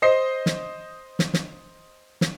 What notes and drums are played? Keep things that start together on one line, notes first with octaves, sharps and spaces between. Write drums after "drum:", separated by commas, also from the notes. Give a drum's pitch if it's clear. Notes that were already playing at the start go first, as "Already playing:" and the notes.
C5 D#5 C7
drum: snare
drum: snare
drum: snare
drum: snare